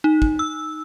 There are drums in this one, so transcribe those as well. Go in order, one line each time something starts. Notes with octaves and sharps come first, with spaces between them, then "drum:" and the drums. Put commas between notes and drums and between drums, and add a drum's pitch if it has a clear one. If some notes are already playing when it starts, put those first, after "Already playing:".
D#4
drum: kick
E6